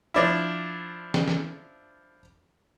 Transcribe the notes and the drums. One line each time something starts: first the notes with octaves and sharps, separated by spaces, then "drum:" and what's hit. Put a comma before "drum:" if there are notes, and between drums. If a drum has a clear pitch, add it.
F3 D4 E4
drum: snare
drum: snare